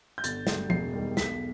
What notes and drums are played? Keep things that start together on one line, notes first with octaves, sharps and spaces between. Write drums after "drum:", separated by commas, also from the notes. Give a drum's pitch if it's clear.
G6
G1 A6, drum: hi-hat
G2 F#3 A3, drum: snare
E1 C7, drum: tom
D#2 D#3 G3
B1 B6, drum: snare